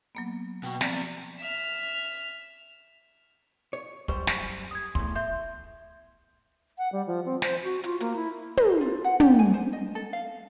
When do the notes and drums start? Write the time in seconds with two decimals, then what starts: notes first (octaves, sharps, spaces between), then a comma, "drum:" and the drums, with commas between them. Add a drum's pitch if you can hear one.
0.15 F#3 A#3 B3
0.63 B2 G5 C#6
0.81 F3 B3 C4 D5, drum: snare
1.40 E5 F6
3.73 C#5
4.08 F#2 G3 C5 C#6, drum: kick
4.27 drum: snare
4.71 D#6 G#6
4.95 E2 A2 C6, drum: kick
5.16 E5 C6 G6
6.78 F#5
6.92 G3
7.07 F3
7.25 C4
7.42 C5, drum: snare
7.64 F#4
7.84 F4, drum: hi-hat
8.00 A#3, drum: hi-hat
8.16 E4
8.57 D#5, drum: tom
8.81 F4
9.04 F#5
9.20 G4, drum: tom
9.39 G#5
9.54 C5
9.73 D#5
9.95 A4
10.13 F5